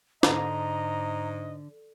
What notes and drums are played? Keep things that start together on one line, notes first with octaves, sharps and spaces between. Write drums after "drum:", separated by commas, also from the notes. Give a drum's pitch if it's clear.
G#2 D3 D#5 A#5, drum: snare